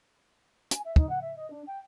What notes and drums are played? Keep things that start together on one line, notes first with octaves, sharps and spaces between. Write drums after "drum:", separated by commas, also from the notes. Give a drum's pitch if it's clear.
G#5, drum: hi-hat
E5
D#4, drum: kick
F#5
E5
D#5
D4
G5